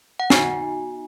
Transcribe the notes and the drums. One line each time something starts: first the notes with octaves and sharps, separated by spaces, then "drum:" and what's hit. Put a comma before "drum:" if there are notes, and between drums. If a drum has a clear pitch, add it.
F#5
B3 D#4 F#4 G#5, drum: snare